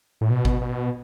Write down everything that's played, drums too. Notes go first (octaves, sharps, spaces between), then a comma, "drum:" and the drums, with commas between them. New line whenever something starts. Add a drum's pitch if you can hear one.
A2
B2
drum: kick G#1
B2